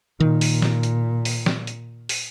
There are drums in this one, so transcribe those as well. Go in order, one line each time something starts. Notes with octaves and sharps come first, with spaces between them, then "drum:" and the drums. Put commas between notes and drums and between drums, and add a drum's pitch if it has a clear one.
A#2 D#3
drum: open hi-hat
drum: snare
drum: hi-hat
drum: open hi-hat
drum: snare
drum: hi-hat
drum: open hi-hat